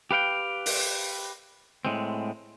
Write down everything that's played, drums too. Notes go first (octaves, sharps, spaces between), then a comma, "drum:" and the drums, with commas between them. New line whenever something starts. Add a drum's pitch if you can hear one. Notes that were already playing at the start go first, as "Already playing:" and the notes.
G4 B4 F5 G5
drum: open hi-hat
A2 G#3 C4